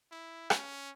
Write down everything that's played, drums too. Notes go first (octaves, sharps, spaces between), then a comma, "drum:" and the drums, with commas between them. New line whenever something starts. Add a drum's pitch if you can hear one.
E4
C#4, drum: rim click